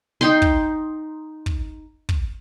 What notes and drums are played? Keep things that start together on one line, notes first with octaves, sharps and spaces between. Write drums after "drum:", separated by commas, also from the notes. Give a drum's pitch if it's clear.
D#4 G5 C6
drum: kick
drum: kick
drum: kick